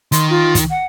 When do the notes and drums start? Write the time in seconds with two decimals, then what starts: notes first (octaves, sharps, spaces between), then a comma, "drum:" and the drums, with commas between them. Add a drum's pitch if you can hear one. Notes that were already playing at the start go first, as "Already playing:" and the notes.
0.12 D#3 C6, drum: hi-hat
0.30 F4
0.55 drum: kick, hi-hat
0.70 F#5